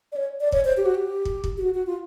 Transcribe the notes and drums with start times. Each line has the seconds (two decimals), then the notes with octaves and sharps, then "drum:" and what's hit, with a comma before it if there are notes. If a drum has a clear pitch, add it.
0.12 D5
0.16 C#5
0.40 D5
0.52 C#5, drum: kick
0.65 C5
0.77 G4
0.86 F#4
0.95 G4
1.25 drum: kick
1.44 drum: kick
1.57 G4
1.62 F#4
1.74 F#4
1.87 F4